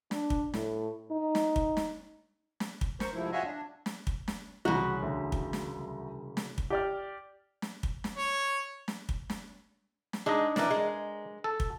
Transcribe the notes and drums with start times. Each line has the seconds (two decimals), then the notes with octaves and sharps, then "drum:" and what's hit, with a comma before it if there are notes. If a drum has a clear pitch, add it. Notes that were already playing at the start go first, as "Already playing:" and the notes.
0.11 D4, drum: snare
0.30 drum: kick
0.54 A2, drum: snare
1.11 D#4
1.35 drum: snare
1.56 drum: kick
1.77 drum: snare
2.60 drum: snare
2.81 drum: kick
3.00 A#4 C5 C#6, drum: snare
3.14 G#2 C3 F3 A3 E4
3.32 F4 F#4 G#4 C#5 D#5 E5
3.44 D4
3.86 drum: snare
4.07 drum: kick
4.28 drum: snare
4.65 C2 F#2 C#3 E3 F#4
5.02 D2
5.32 drum: kick
5.53 drum: snare
6.37 drum: snare
6.58 drum: kick
6.70 G4 D5 F6
7.62 drum: snare
7.83 drum: kick
8.04 drum: snare
8.16 C#5
8.88 drum: snare
9.09 drum: kick
9.30 drum: snare
10.13 drum: snare
10.26 G#3 D4 D#4 D#5
10.56 E3 D4 A#4 D5, drum: snare
10.70 G#3
11.44 A4
11.60 drum: kick